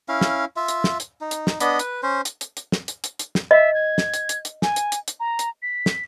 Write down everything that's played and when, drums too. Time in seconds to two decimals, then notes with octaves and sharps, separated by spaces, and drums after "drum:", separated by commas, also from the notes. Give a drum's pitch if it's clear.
0.09 C#4 E4 F5
0.21 drum: snare
0.56 F4 E5
0.68 drum: hi-hat
0.84 drum: snare
1.00 drum: hi-hat
1.21 D#4
1.31 drum: hi-hat
1.47 drum: snare
1.60 B3 D4 D#5 B5, drum: hi-hat
1.79 B4, drum: hi-hat
2.03 C#4 C5
2.25 drum: hi-hat
2.41 drum: hi-hat
2.57 drum: hi-hat
2.72 drum: snare
2.88 drum: hi-hat
3.04 drum: hi-hat
3.19 drum: hi-hat
3.35 drum: snare
3.51 D#5 E5
3.74 G#6
3.98 drum: snare
4.14 drum: hi-hat
4.29 drum: hi-hat
4.45 drum: hi-hat
4.62 G#5, drum: snare
4.76 drum: hi-hat
4.92 drum: hi-hat
5.08 drum: hi-hat
5.20 A#5
5.39 drum: hi-hat
5.62 B6
5.86 drum: snare